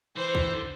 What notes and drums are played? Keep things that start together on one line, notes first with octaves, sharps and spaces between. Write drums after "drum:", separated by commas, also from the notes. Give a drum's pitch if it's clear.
E3 C5
drum: kick
D3